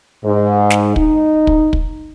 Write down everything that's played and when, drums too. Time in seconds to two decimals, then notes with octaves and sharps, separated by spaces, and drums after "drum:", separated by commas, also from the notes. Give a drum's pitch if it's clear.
0.24 G#2
0.70 drum: snare
0.96 D#4, drum: kick
1.47 drum: kick
1.73 drum: kick